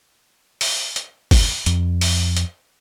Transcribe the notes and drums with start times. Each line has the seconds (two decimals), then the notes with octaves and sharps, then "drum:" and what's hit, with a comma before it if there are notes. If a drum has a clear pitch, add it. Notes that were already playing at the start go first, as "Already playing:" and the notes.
0.61 drum: open hi-hat
0.96 drum: hi-hat
1.31 drum: kick G1, open hi-hat
1.66 F2, drum: hi-hat
2.01 drum: open hi-hat
2.37 drum: hi-hat